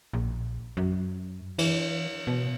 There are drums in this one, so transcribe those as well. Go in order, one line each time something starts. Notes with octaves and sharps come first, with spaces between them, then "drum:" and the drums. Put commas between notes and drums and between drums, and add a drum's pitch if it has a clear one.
A#1
F#2
E3, drum: cymbal
B2